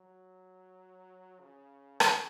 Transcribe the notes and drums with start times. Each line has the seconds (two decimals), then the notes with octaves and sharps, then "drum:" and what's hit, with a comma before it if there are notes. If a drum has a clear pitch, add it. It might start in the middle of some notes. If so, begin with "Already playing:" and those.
Already playing: F#3
1.41 C#3
2.00 drum: rim click